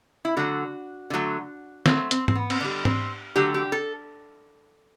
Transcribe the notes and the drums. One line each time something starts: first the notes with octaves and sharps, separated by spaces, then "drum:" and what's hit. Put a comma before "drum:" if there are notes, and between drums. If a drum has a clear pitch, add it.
E4
D3 F#3 A3 F#4
D3 F#3 A3
B2 F#3 A3 C4, drum: snare
C4, drum: hi-hat
C4, drum: tom G#2
B3
C4, drum: cymbal
D3 G3 D4
C4, drum: tom G#2
D3 F#3 A3 G4
G4
A4